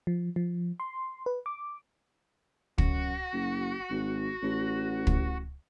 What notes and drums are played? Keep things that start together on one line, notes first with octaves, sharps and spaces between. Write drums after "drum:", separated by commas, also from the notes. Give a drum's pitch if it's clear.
F3
F3
C6
B4
D6
F#2 F#4, drum: kick
F#1
G#1
A1
drum: kick